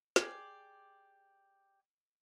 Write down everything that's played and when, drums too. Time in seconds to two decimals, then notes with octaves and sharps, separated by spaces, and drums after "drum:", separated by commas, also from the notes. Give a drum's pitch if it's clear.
0.16 G4 G#4 D5, drum: snare